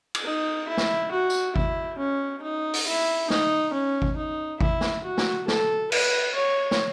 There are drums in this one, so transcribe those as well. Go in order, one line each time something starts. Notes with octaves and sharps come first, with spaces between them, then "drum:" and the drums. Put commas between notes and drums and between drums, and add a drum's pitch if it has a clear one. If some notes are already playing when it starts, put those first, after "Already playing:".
drum: cymbal
D#4
E4
drum: snare
F#4
drum: tambourine
E4, drum: kick G#1
C#4
D#4
drum: open hi-hat
E4
D#4, drum: snare
C#4
drum: kick G#1
D#4
E4, drum: kick G#1
drum: snare
F#4
drum: snare
A4, drum: snare
B4, drum: cymbal
C#5
drum: snare